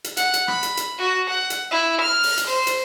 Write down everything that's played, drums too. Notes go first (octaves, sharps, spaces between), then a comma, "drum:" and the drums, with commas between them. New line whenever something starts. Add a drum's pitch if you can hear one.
drum: hi-hat
F#5, drum: hi-hat
drum: hi-hat
B5, drum: rim click
drum: hi-hat
drum: hi-hat
F#4
F#5
drum: hi-hat
E4
F6
drum: open hi-hat
drum: hi-hat
C5
drum: hi-hat